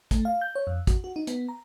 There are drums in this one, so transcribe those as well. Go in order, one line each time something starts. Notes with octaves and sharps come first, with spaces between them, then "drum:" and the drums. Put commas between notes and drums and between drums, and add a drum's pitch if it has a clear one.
A3, drum: kick, hi-hat
F5
G6
C#5
F2
F#4, drum: kick, hi-hat
F#4
D#4
B3, drum: hi-hat
A#5